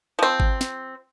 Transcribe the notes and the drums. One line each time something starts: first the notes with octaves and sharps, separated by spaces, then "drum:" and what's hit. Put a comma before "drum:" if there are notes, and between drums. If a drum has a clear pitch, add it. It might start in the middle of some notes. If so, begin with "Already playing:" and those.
F3 C4
drum: kick G#1
drum: snare